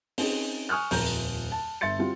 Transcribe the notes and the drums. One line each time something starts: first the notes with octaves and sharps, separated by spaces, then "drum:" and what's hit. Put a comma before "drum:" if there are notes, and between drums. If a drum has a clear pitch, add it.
C4 C#4 D#4 G#4, drum: open hi-hat
G#5 C#6 D#6 F6 F#6
D#1 F2 A#5 G6, drum: open hi-hat
drum: tambourine
A5
G1 E5 C6 A6 C#7
G3 C4 F4 F#4